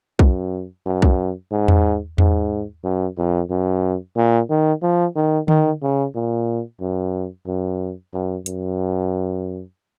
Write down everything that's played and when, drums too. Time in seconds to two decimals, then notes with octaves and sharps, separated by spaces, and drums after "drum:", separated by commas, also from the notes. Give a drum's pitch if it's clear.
0.19 F#2, drum: kick B1
0.86 F#2
1.02 drum: kick B1
1.51 G#2
1.68 drum: tom E2
2.18 G#2, drum: tom E2
2.84 F#2
3.18 F2
3.50 F#2
4.17 A#2
4.50 D#3
4.82 F3
5.16 D#3
5.48 D#3, drum: tom D3
5.82 C#3
6.15 A#2
6.81 F#2
7.47 F#2
8.14 F#2
8.46 F#2, drum: hi-hat